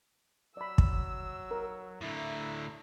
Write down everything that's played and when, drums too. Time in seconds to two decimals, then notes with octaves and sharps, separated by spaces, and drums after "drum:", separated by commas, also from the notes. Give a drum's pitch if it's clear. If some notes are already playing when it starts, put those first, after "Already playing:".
0.57 F#3 D5 B5 E6
0.78 drum: kick
1.51 A#4
2.01 A2 D3 E4 E5 A#5